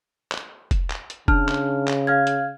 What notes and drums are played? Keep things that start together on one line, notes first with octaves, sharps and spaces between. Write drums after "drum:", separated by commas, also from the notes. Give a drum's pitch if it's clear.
drum: clap
drum: kick F1, hi-hat
drum: clap
drum: hi-hat
C#3 D4 A5 F6, drum: kick F1
drum: clap
drum: clap
F5 F6 G#6
drum: hi-hat